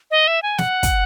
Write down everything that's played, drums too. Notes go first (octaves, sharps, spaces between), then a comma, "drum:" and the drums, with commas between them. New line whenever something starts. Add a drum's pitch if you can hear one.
D#5
E5
G#5
F#5, drum: snare
drum: kick, hi-hat